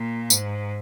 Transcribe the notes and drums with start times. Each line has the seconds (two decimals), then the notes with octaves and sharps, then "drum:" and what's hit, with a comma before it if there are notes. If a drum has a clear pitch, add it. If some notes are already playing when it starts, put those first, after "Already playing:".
Already playing: A#2
0.30 G#2, drum: tambourine